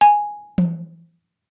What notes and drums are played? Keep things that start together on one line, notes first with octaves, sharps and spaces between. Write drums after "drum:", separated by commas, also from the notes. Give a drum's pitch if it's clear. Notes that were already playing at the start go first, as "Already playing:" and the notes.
G#5, drum: hi-hat
drum: tom E3